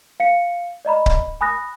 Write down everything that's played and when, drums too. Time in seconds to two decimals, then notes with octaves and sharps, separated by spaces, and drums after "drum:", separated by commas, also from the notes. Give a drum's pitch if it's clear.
0.20 F5 C#7
0.85 D5 D#5 A#5 B5
1.06 drum: kick C#1
1.41 G#5 B5 D#6 F#6 A#6